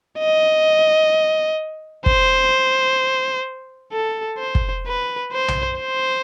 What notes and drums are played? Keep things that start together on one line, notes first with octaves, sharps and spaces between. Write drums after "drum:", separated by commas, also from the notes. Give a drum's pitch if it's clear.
D#5
C5, drum: kick
A4
C5
drum: kick
B4
C5
drum: tom B1
C5